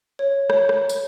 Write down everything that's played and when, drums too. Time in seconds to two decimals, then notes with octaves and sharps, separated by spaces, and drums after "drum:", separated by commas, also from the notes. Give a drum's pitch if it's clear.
0.19 C#5
0.50 C#5, drum: rim click
0.69 drum: rim click
0.89 drum: tambourine